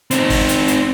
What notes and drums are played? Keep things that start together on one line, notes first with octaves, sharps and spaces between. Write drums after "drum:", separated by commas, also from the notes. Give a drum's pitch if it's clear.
C4 D#4, drum: hi-hat
drum: kick, open hi-hat
drum: hi-hat
drum: hi-hat